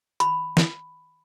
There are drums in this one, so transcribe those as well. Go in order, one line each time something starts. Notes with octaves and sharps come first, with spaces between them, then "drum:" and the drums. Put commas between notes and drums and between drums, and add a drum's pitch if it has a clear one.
B5, drum: hi-hat
drum: snare